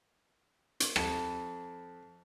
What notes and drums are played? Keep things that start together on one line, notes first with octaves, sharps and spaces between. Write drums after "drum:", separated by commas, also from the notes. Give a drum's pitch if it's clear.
drum: hi-hat
F2, drum: rim click